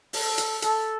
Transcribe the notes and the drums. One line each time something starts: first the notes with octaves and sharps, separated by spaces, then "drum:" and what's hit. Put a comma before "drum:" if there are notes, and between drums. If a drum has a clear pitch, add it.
A4, drum: open hi-hat
drum: hi-hat
A4, drum: hi-hat